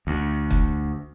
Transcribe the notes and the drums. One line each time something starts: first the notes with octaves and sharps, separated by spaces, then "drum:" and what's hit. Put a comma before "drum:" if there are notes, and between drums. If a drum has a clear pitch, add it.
D2
drum: kick